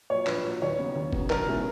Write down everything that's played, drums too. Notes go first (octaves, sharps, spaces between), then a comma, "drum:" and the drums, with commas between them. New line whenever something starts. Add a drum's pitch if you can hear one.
A#2 F#3 C#5
A#1 B4, drum: clap
A#2 F#3
D#2 C#5
C#3 F#3 B3
D#2
C#3 F#3 B3, drum: kick
B1 A#4, drum: clap
B2 G#3 C#4 E4